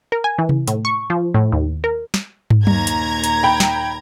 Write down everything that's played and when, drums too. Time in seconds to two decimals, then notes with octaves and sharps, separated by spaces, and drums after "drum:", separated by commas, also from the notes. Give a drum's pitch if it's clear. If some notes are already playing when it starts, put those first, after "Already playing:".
0.12 A#4
0.24 G#5
0.38 E3
0.49 drum: tom C3
0.68 A2, drum: hi-hat
0.85 C#6
1.10 F3
1.34 A2
1.52 D#2
1.84 A#4
2.14 drum: snare
2.50 drum: tom
2.67 D#2 A#2 A#5 G#6, drum: tom
2.87 drum: hi-hat
3.24 drum: hi-hat
3.43 G5 B5
3.60 drum: snare